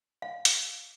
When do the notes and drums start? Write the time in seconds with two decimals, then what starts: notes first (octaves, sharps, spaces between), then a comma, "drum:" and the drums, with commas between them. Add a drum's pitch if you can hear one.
0.22 F5
0.45 drum: hi-hat